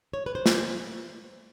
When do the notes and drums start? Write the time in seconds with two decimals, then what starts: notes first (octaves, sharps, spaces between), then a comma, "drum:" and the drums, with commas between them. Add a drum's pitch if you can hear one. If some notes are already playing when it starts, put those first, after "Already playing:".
0.14 C#5
0.26 B4
0.35 C5
0.46 drum: snare